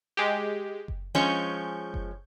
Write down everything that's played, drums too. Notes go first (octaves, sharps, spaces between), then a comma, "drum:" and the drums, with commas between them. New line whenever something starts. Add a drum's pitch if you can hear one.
G#3 G4
drum: kick F#1
F3 G#3 C#4 C#6 G6
drum: kick F#1